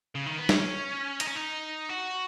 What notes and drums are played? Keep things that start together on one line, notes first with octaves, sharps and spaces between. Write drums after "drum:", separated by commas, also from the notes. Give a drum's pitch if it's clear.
C#3
D#3
B3
C#4, drum: snare
D#4, drum: hi-hat
C#4
D#4
F#4